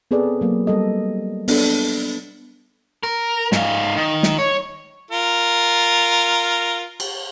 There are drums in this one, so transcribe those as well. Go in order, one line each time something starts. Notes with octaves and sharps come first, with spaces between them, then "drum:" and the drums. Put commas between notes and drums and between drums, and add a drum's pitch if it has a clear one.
B3 C4 G#4 A4 B4 D5
F#3 A#3
G3 A4 D#5
B3 D4 A4, drum: open hi-hat
A#4
G#2 F5, drum: snare
D#3
drum: snare
C#5
F4 A#4
drum: cymbal